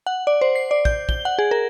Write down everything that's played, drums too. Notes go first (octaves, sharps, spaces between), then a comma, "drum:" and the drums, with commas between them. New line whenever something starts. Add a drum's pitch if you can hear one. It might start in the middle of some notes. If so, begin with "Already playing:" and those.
F#5
D5
C5
C7
D5
G6, drum: kick
G7, drum: kick
F#5
G#4
A#4